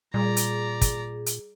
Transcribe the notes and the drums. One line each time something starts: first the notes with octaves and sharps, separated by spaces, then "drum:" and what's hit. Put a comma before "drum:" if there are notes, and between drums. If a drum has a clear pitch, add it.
A#2 G3 G#4 D5 A#5
drum: hi-hat
drum: kick, hi-hat
drum: hi-hat